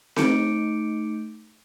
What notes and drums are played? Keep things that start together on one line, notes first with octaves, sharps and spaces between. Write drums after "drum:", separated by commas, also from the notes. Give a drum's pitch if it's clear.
A3 D#4 D6 G6 C#7 D7, drum: snare C4